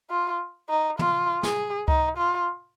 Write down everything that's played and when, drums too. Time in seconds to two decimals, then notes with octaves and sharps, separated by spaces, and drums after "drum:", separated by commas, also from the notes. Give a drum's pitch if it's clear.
0.10 F4
0.69 D#4
0.99 F4, drum: tom
1.43 G#4, drum: snare
1.88 D#4, drum: kick C#2
2.17 F4